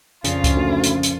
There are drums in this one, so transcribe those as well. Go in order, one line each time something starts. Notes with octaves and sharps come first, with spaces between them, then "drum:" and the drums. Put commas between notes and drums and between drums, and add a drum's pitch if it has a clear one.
A#1 F2 C#3 C#4 F4, drum: hi-hat
drum: kick C#2, hi-hat
D2
drum: hi-hat
drum: hi-hat